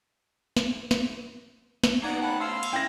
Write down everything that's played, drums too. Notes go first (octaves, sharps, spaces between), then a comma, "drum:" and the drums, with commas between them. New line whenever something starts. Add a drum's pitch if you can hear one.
drum: snare
drum: snare
drum: snare
C#3 B3 D#4 D5 F#5 A#5 G#6
A2 C#3 F#5 G5 A5 B5
F5 A5 C6 E6
drum: cymbal
E4 G5 A#6